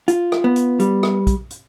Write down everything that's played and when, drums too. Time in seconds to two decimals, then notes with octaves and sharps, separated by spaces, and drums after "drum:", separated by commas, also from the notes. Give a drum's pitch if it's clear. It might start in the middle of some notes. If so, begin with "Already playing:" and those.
0.08 F4, drum: hi-hat
0.32 drum: rim click
0.44 B3
0.56 drum: hi-hat
0.80 G3, drum: hi-hat
1.03 drum: rim click
1.27 drum: kick A#1, hi-hat
1.50 drum: hi-hat